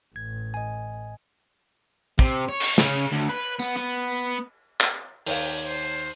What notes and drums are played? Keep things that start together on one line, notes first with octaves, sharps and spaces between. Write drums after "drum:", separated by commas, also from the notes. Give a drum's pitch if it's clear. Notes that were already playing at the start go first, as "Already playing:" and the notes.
A1 G#6
D#5 G#5
C3, drum: kick
C#5
drum: cymbal
C#3, drum: snare
D2
B4
B3, drum: tambourine
B3
drum: clap
D#2 A#4 C#5 F5 G5, drum: open hi-hat
C5